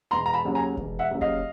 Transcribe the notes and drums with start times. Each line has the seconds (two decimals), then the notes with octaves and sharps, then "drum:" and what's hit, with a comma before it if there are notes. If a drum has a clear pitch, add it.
0.11 E1 A#5 C6
0.26 A#5
0.33 A5 B5
0.45 D#2 C#3 F#3
0.55 G#5 A#5
0.77 E1, drum: kick
0.99 E5 F#5
1.11 D#2 C#3 F#3
1.21 D#5 F5, drum: kick